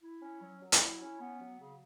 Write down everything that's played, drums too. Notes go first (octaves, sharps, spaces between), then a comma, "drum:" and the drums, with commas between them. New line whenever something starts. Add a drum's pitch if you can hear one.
E4
C#4
F#3
F#3
drum: hi-hat
E4
C#4
B3
F#3
C#3